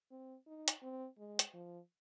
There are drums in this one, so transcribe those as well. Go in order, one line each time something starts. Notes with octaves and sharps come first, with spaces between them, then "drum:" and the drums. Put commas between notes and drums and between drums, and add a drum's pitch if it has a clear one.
C4
D#4
drum: hi-hat
C4
G#3
drum: hi-hat
F3